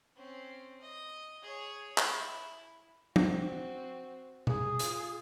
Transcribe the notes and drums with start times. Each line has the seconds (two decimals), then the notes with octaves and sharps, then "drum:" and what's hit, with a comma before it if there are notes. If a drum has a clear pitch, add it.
0.16 C4 C#4
0.81 D#5
1.42 G#4 C#5
1.98 E4, drum: clap
3.16 C4 F#4, drum: tom
4.47 G#4, drum: tom B2
4.79 F4, drum: hi-hat